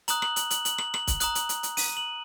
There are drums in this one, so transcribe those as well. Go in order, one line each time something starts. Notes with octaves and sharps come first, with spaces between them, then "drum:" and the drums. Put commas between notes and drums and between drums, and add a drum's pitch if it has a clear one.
A#5 D#6 F#6 F#7, drum: hi-hat
F#7, drum: rim click
F#7, drum: hi-hat
F#7, drum: hi-hat
F#7, drum: hi-hat
F#7, drum: rim click
F#7, drum: rim click
F#7, drum: kick, hi-hat
A#5 D#6 F#6 F#7, drum: hi-hat
F#7, drum: hi-hat
drum: hi-hat
drum: hi-hat
D#7, drum: open hi-hat
F#7